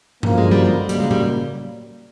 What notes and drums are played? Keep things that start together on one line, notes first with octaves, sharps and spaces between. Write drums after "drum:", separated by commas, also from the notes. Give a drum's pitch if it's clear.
F#2 D3 F3 A#3, drum: tom G2
G#3
G3
G#3
C#3 F#3 G3 A#3, drum: hi-hat
G#3
G3, drum: tom A2